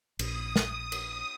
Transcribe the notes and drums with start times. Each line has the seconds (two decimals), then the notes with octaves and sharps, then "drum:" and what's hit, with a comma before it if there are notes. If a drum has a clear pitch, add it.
0.19 A#1 D#6, drum: cymbal
0.56 drum: snare
0.92 drum: cymbal